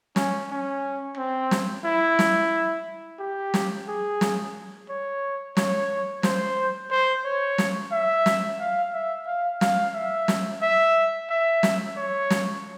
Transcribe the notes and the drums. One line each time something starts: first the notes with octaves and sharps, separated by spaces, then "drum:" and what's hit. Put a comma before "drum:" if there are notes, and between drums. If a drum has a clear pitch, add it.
C#4, drum: snare
C#4
C4
drum: snare
E4
drum: snare
G4
drum: snare
G#4
drum: snare
C#5
C#5, drum: snare
C5, drum: snare
C5
C#5
drum: snare
E5
drum: snare
F5
E5
F5
F5, drum: snare
E5
drum: snare
E5
E5
drum: snare
C#5
drum: snare